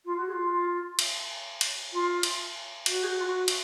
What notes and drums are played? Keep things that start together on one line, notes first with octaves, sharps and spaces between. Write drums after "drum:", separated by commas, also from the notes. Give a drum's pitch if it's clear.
F4
F#4
G#4
F4
drum: cymbal
drum: cymbal
F4
drum: cymbal
F#4, drum: cymbal
G#4
F#4
F4
F#4
drum: cymbal